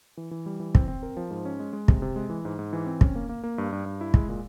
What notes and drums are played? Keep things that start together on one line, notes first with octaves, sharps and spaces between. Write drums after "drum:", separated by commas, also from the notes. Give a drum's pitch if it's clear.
E3
E3
G3
E3
C4, drum: kick
C4
A#4
F3
G#2
C#4
G#3
G#3
C3, drum: kick
C3
G#3
E3
G#2
G#2
E3
C4
C#4, drum: kick
A#3
A#3
A#3
G2
G2
G2
E4
G#3, drum: kick
A#2